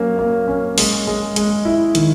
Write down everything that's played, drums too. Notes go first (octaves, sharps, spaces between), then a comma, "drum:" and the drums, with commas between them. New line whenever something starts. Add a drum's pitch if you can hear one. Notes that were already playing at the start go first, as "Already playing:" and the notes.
Already playing: F#3 A#3 C#4
A#3
C#4
G#3, drum: open hi-hat
G#3
G#3, drum: hi-hat
E4
D#3, drum: hi-hat